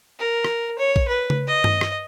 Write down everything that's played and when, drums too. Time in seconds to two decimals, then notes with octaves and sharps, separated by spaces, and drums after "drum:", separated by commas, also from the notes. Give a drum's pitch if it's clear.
0.19 A#4
0.45 drum: rim click
0.78 C#5
0.96 drum: kick A#1
1.08 B4
1.30 drum: tom C#3
1.47 D#5
1.64 drum: tom G2
1.81 drum: rim click